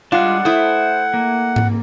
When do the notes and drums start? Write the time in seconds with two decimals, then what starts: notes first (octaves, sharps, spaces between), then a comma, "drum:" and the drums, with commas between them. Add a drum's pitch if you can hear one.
0.12 G3 G#3 D4 F4 F#5
0.45 A3 E4 C5 D#6
1.14 A#3
1.56 drum: tom G#2